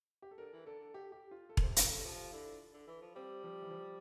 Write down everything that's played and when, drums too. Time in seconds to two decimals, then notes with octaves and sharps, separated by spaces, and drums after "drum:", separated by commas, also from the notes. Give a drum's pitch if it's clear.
0.22 G4
0.31 A4
0.38 D3 A#4
0.53 E3
0.66 D3 A4
0.80 D3
0.94 G4
1.12 G4
1.31 F4
1.49 A4
1.57 A#4, drum: kick E1
1.63 C3 C5
1.76 C3 A#4, drum: hi-hat
1.90 D3 A4
2.04 F3 G4
2.32 D3 E4
2.74 D3
2.87 E3
3.02 F3
3.15 G3 C4
3.44 F3
3.62 E3
3.71 F3